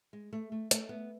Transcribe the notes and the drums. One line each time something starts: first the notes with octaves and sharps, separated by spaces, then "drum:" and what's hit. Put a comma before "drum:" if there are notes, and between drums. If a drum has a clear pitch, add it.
G#3
A3
A3
A3, drum: hi-hat
B3